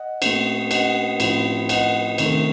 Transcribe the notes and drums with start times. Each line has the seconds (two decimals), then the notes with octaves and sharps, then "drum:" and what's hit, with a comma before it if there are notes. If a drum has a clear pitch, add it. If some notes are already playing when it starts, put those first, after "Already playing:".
Already playing: D#5 F#5
0.22 A#2 A3 C4, drum: cymbal
0.71 D#5 F#5, drum: cymbal
1.20 A2 F3 C4, drum: cymbal
1.69 D#5 F#5, drum: cymbal
2.18 C3 D#3 A3 C4, drum: cymbal